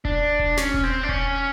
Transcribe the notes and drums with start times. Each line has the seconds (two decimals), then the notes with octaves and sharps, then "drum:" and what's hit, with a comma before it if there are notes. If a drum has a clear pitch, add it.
0.05 D4, drum: kick E1
0.39 drum: kick E1
0.57 C#4, drum: snare
0.74 drum: kick E1
0.83 C4
1.03 D4
1.09 C#4, drum: kick E1